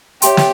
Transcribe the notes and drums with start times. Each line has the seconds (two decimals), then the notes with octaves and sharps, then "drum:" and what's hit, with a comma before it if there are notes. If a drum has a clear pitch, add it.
0.22 G4 C#5 E5 G5 C6, drum: hi-hat
0.37 drum: snare